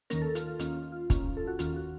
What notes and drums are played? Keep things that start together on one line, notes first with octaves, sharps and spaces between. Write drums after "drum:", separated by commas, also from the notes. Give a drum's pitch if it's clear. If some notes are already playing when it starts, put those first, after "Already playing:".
D#2 D#3 A#3 C#4 A#4, drum: hi-hat
A4
F4, drum: hi-hat
F4
D#2 D#3 A#3 C#4 F4, drum: hi-hat
F4
F4
D#2 D#3 A#3 C#4, drum: kick, hi-hat
A4
F#4
D#2 D#3 A#3 C#4 F4, drum: hi-hat
F#4